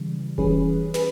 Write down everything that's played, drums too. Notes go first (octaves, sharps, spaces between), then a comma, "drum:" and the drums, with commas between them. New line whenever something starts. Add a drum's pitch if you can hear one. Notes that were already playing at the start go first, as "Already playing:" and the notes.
Already playing: C#3 E3 G3
E3 G3 C#4 G#4 B4, drum: kick E1
G#4 B4, drum: snare